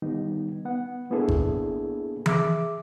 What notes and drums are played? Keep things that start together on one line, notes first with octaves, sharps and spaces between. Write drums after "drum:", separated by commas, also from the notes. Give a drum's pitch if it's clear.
D#3 G3 B3 D#4
B3 F#5
A#3 B3 D4 E4 G#4 A4
drum: kick G#1
G#4 E5 D6, drum: tom E3